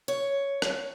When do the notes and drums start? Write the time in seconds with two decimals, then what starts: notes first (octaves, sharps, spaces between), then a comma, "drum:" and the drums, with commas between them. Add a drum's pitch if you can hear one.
0.08 C#5
0.62 drum: rim click